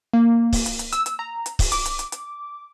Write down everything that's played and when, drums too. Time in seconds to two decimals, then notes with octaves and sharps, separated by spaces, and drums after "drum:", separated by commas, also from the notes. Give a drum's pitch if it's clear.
0.13 A#3
0.53 drum: kick, open hi-hat
0.66 drum: hi-hat
0.79 drum: hi-hat
0.92 E6, drum: hi-hat
1.06 drum: hi-hat
1.19 A#5
1.46 drum: hi-hat
1.59 drum: kick, open hi-hat
1.72 D6, drum: hi-hat
1.86 drum: hi-hat
1.99 drum: hi-hat
2.12 drum: hi-hat